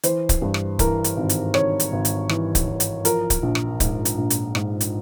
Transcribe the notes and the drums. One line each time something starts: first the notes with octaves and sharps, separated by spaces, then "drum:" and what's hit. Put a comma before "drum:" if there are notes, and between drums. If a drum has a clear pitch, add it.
E3 C5, drum: hi-hat
drum: kick C#1, hi-hat
G2
drum: rim click
E3 A#4, drum: kick C#1, hi-hat
drum: hi-hat
G#1
drum: hi-hat
G#1 C#5, drum: rim click
drum: hi-hat
G#1
drum: hi-hat
E3, drum: rim click
drum: kick C#1, hi-hat
E3
drum: hi-hat
F3 A#4, drum: hi-hat
drum: kick C#1, hi-hat
A#1
drum: rim click
G#2, drum: kick C#1, hi-hat
drum: hi-hat
A#1
drum: hi-hat
G#2, drum: rim click
drum: hi-hat